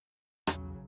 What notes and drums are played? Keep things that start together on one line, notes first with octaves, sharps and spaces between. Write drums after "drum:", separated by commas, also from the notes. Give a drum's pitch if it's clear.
B1 E2 C#3 F#3, drum: rim click